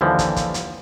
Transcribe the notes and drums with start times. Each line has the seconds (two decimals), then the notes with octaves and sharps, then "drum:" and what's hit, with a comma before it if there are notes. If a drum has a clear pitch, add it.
0.01 D#2 D3 E3 F3 G3
0.19 drum: kick, hi-hat
0.36 drum: kick, hi-hat
0.54 drum: hi-hat